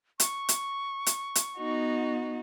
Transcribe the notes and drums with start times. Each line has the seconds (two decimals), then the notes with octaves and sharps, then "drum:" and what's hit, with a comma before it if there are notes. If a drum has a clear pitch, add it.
0.20 C#6, drum: hi-hat
0.49 drum: hi-hat
1.06 drum: hi-hat
1.35 drum: hi-hat
1.56 B3 D#4 F#4